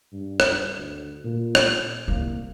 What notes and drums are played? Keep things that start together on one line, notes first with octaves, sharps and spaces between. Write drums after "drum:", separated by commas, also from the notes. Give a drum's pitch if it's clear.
G2
drum: rim click
D2
A#2
drum: rim click
C2 A#3